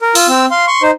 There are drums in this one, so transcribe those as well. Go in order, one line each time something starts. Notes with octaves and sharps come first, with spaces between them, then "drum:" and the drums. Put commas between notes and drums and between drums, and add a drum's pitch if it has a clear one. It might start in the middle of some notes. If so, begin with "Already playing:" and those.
A#4
F4 E6, drum: open hi-hat
C4 E6
F5 C6
C6 C#6
D#4 C5